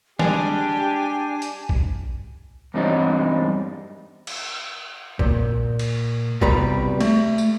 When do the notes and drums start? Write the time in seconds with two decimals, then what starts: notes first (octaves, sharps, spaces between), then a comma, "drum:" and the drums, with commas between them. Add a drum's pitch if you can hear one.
0.19 G3 G#3 D4 G4 G#5 A#5, drum: snare
1.42 drum: hi-hat
1.69 drum: kick
2.74 E2 G2 G3 C4 D4 D#4
4.27 drum: cymbal
5.19 A#2, drum: kick
5.79 drum: cymbal
6.41 C2 B2 G3 B4 A#5 B5, drum: kick
7.01 A3, drum: cymbal
7.38 drum: tambourine